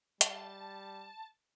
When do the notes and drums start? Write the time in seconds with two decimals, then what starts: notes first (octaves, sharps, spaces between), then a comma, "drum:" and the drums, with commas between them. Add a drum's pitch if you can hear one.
0.21 G3 A5, drum: hi-hat